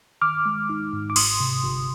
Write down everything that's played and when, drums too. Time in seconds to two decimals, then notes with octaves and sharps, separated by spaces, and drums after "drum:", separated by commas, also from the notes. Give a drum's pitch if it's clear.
0.21 D#3 D6 F6
0.46 G#3
0.69 D#4
0.93 G#2
1.10 D6
1.16 G1 C6 D#6, drum: cymbal
1.40 C3
1.63 G1